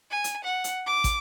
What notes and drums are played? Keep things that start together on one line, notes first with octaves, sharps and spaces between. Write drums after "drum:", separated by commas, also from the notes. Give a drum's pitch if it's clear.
G#5
drum: hi-hat
F#5
drum: hi-hat
D6
drum: kick, hi-hat